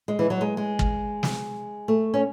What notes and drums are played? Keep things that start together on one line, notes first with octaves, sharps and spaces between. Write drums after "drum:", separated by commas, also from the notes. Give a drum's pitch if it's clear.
G#3
E3
F#3
G#3
G#3
drum: kick
drum: snare
A3
C#4